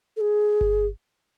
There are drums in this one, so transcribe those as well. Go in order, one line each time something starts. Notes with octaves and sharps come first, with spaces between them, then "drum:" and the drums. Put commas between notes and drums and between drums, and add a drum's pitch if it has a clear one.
A4
G#4
drum: kick G1